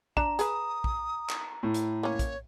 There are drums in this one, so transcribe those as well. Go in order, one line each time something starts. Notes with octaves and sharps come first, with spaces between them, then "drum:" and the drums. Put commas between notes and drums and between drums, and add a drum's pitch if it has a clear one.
D4 A#5 E7, drum: kick A#1
G#4 B4 D#6, drum: hi-hat
drum: kick A#1
drum: clap
A2
drum: hi-hat
A#3 C#4 C#5
drum: kick A#1, hi-hat